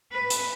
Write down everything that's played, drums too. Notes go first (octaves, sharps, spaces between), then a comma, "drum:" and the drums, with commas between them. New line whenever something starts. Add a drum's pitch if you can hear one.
B4
drum: hi-hat